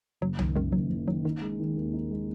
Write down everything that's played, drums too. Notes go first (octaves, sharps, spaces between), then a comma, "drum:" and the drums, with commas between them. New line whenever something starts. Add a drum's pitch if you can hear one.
F#1 F#3
D#3 F#3, drum: tom C2
F#2 D#3 G#3
F#1 F#3
F#1
D#3 F#3
D#3 D#4
G#3
D#3
D#2
D#4
G#3